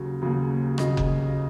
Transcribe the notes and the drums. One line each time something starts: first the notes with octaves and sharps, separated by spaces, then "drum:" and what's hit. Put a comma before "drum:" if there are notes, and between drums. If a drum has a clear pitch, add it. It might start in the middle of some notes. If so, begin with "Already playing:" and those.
Already playing: D#2 C#3 F#3
D#2 C#3 F#3
D#2 C#3 F#3 D#5, drum: rim click
drum: kick F#1